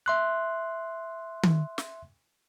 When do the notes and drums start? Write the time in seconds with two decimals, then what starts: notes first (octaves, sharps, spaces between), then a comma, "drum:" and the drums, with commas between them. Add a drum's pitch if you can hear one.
0.06 E5 C6 F#6
1.43 drum: tom D#3
1.78 drum: snare